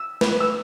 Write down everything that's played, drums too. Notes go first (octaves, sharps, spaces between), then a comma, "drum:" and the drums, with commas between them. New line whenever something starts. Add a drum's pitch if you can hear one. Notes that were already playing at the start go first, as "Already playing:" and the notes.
Already playing: E6
B4, drum: snare
E6